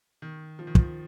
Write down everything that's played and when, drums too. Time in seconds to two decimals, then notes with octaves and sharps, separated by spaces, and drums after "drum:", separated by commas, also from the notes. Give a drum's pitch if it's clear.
0.22 D#3
0.59 F3
0.67 D#3
0.75 F3, drum: kick